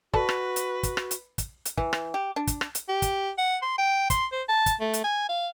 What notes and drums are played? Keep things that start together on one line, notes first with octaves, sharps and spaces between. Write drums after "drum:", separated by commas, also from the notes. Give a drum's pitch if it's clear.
F#4 A4 B4 D5 A5, drum: kick
drum: rim click
drum: hi-hat
drum: kick, hi-hat
drum: rim click
drum: hi-hat
drum: kick, hi-hat
drum: hi-hat
E3, drum: kick
drum: rim click
G4
D4
drum: kick, hi-hat
drum: rim click
drum: hi-hat
G4
drum: kick, hi-hat
F#5
C6
G5
C6, drum: kick, hi-hat
C5
A5
drum: kick, hi-hat
A3
drum: hi-hat
G#5
F5